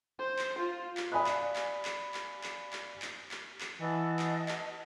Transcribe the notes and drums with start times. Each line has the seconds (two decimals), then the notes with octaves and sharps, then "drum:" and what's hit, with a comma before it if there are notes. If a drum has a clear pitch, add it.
0.19 C5
0.39 drum: clap
0.59 F4
0.97 drum: clap
1.12 D5 F5 G#5 B5 D#6 F#6
1.26 drum: clap
1.56 drum: clap
1.85 drum: clap
2.14 drum: clap
2.43 drum: clap
2.73 drum: clap
3.02 drum: clap
3.31 drum: clap
3.61 drum: clap
3.81 E3 D#5 F#5 A5
4.19 drum: clap
4.48 drum: clap